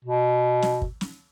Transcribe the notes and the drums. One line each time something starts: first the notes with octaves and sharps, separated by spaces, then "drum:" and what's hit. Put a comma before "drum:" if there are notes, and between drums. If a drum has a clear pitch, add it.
B2
drum: snare
drum: kick
drum: snare